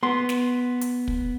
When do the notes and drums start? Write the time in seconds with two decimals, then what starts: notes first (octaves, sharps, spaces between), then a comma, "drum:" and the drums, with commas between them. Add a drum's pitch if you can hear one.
0.03 B3 C6
0.29 drum: snare
0.81 drum: hi-hat
1.08 drum: kick